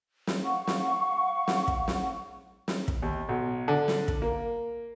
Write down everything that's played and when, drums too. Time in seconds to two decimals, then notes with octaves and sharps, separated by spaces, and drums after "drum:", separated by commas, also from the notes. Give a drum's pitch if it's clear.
0.27 drum: snare
0.43 F5 F#5 C#6
0.67 drum: snare
1.48 drum: snare
1.68 drum: kick
1.88 drum: snare
2.68 drum: snare
2.88 drum: kick
3.02 D#2
3.29 B1
3.68 D3
3.88 drum: snare
4.08 drum: kick
4.22 A#3